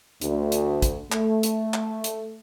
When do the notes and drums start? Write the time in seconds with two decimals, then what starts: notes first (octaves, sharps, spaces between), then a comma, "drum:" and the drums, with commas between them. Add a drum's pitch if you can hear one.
0.22 D2, drum: hi-hat
0.52 drum: hi-hat
0.82 drum: kick A1, hi-hat
1.12 A3, drum: clap
1.43 drum: hi-hat
1.74 drum: clap
2.04 drum: hi-hat